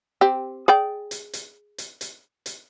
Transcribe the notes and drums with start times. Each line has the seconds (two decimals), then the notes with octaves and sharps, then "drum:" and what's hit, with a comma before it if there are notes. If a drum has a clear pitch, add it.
0.21 C4 G4
0.68 G#4 D5 G5
1.11 drum: hi-hat
1.33 drum: hi-hat
1.78 drum: hi-hat
2.01 drum: hi-hat
2.46 drum: hi-hat